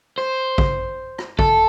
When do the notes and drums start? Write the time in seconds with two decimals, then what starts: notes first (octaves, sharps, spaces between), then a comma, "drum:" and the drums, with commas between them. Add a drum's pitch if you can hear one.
0.18 C5
0.58 drum: kick A1
1.18 drum: rim click
1.39 A4, drum: kick A1